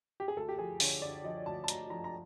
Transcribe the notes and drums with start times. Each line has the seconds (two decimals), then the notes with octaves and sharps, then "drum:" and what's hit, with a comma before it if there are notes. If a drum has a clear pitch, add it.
0.20 G4
0.28 G#4
0.36 D2 A4
0.49 G4
0.58 F3 G#4
0.80 D3 C#5, drum: open hi-hat
1.02 D3 D5
1.24 F3 D#5
1.46 D2 A5
1.64 A5
1.68 D2 A#5, drum: hi-hat
1.90 F3 A#5
2.04 A#5